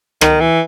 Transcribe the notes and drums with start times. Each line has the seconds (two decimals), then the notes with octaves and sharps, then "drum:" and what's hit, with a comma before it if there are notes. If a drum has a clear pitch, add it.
0.21 D#3, drum: rim click
0.41 E3